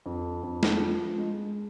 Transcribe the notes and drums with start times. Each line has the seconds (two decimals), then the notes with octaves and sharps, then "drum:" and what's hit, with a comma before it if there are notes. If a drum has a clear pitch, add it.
0.06 F2
0.43 F2
0.63 drum: snare
0.81 F3
1.18 G#3